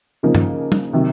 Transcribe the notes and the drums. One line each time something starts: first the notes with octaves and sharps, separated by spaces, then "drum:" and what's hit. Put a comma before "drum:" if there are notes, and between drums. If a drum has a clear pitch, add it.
C#3 F3 A#3 D#4
drum: tom G2
drum: tom
C3 D#3 F#3